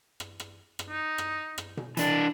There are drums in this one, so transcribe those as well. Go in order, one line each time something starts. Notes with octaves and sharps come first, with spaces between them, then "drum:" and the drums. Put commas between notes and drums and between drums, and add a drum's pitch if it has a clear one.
drum: rim click
drum: rim click
drum: rim click
D#4
drum: rim click
drum: rim click
drum: tom B2
E3 D4 A5, drum: hi-hat